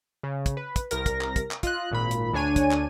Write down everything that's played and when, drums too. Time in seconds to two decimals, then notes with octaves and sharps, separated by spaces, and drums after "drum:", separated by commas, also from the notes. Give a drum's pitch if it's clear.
0.23 C#3
0.46 drum: kick, hi-hat
0.57 B4
0.76 drum: kick, hi-hat
0.91 C2 A#4 A#6, drum: hi-hat
1.06 drum: kick, hi-hat
1.21 drum: clap
1.36 drum: kick, hi-hat
1.51 drum: clap
1.63 F4 D#5 F#6, drum: kick, hi-hat
1.91 G#1 A#2 B5
2.11 drum: hi-hat
2.33 D2 D4 C#5 G#5 D#7
2.56 drum: kick, hi-hat
2.71 drum: clap